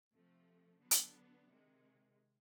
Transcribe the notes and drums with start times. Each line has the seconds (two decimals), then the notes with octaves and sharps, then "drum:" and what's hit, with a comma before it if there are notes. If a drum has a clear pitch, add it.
0.13 C3 F3 A3
0.81 D3 F#3 B3 D4
0.91 drum: hi-hat
1.48 C3 D#3 G#3